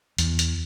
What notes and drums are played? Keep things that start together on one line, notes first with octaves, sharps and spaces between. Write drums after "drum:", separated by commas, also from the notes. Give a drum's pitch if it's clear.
E2, drum: hi-hat
drum: hi-hat